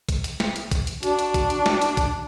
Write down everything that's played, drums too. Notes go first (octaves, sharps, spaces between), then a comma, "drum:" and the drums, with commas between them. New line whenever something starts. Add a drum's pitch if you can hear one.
drum: kick A#1, hi-hat
drum: hi-hat
drum: snare
drum: hi-hat
drum: kick A#1, hi-hat
drum: hi-hat
D4 F#4, drum: hi-hat
drum: hi-hat
drum: kick A#1, hi-hat
drum: hi-hat
drum: snare
drum: hi-hat
drum: kick A#1, hi-hat